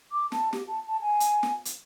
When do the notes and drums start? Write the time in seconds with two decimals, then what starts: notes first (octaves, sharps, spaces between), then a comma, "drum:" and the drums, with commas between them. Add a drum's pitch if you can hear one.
0.12 D6
0.32 A5, drum: snare
0.53 G4, drum: snare
0.68 A5
0.88 A5
1.01 G#5
1.20 drum: hi-hat
1.43 drum: snare
1.65 drum: hi-hat